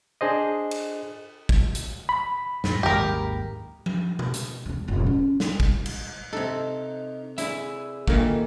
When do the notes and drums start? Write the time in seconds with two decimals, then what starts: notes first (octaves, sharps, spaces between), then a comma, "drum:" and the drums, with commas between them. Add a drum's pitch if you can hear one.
0.21 D4 G#4 C5 D#5
0.71 drum: cymbal
1.49 drum: kick
1.75 drum: hi-hat
2.09 B5
2.64 F#2 A2, drum: snare
2.83 G#1 D#2 G#3 G4 A#4
3.86 drum: tom F3
4.19 drum: tom B2
4.34 drum: hi-hat
4.66 E2 C#3
4.88 E1 G#2
5.06 C#4
5.40 drum: snare
5.60 drum: kick
5.86 drum: cymbal
6.33 C3 D#4 A4
7.38 E4 G#4 D5 E5, drum: hi-hat
8.08 A#2 D#3 E3 A#3 A4, drum: kick